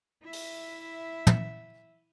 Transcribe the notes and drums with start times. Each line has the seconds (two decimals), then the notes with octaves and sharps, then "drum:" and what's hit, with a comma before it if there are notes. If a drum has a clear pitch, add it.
0.21 E4 E5
0.33 drum: open hi-hat
1.27 drum: tom